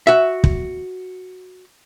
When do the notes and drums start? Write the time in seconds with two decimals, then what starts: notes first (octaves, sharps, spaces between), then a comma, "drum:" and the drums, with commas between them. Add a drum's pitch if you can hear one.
0.07 F#4 E5
0.44 drum: kick